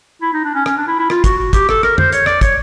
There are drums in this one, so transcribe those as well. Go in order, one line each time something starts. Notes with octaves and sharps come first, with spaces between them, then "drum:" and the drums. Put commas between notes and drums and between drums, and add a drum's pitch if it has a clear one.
E4
D#4
D4
C#4
C#4, drum: rim click
D4
E4
E4
F4, drum: rim click
F#4, drum: kick, hi-hat
F#4
G4, drum: kick, hi-hat
A4, drum: rim click
A#4, drum: rim click
C5, drum: tom
C#5, drum: hi-hat
D5, drum: rim click
C#5, drum: kick, hi-hat